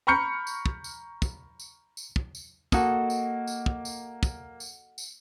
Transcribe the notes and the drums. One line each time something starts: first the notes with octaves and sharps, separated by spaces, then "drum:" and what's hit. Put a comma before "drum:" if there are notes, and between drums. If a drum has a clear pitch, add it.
A#5 B5 C#6 F6 G6 C#7
drum: tambourine
drum: kick
drum: tambourine
drum: kick, tambourine
drum: tambourine
drum: tambourine
drum: kick
drum: tambourine
A#3 F#4 A4 D#5, drum: kick, tambourine
drum: tambourine
drum: tambourine
drum: kick
drum: tambourine
drum: kick, tambourine
drum: tambourine
drum: tambourine